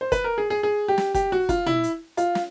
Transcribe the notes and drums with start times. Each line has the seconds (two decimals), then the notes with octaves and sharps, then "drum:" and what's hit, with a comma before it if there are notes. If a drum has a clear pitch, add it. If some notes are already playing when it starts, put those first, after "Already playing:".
0.01 C5
0.12 B4, drum: kick, hi-hat
0.24 A#4
0.38 G#4
0.50 G#4
0.63 G#4
0.88 G4
0.98 drum: snare
1.15 G4, drum: kick, hi-hat
1.32 F#4
1.49 F4, drum: kick, hi-hat
1.66 E4, drum: tom
1.84 drum: hi-hat
2.17 F4, drum: hi-hat
2.35 drum: snare